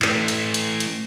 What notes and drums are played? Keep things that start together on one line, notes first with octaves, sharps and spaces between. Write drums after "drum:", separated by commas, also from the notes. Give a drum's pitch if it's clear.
E3 A3, drum: clap
drum: hi-hat
drum: hi-hat
drum: hi-hat